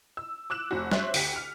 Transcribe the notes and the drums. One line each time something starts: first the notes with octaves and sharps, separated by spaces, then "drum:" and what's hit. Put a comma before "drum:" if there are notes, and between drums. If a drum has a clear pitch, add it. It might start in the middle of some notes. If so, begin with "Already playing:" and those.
E6
D6 E6 F#6 E7
F1 F#4
C5 C#5 E5 F#6, drum: snare
D2 G4 B6 C#7, drum: open hi-hat
F6